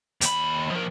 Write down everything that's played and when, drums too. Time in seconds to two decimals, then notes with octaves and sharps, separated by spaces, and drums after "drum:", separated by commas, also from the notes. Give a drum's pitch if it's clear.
0.21 D#2 B5, drum: hi-hat
0.71 F3 A#4